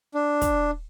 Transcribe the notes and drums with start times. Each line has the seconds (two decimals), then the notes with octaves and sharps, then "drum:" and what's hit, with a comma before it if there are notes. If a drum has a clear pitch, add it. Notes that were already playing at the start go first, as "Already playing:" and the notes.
0.14 D4
0.41 drum: kick, hi-hat